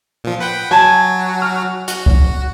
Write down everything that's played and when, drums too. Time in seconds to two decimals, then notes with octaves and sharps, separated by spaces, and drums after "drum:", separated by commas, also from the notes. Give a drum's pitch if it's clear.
0.24 A#2 F3
0.40 B4 F#5 G5
0.71 F#3 F#4 G#5 A5
1.42 F6
1.88 F#4, drum: hi-hat
2.06 drum: kick C2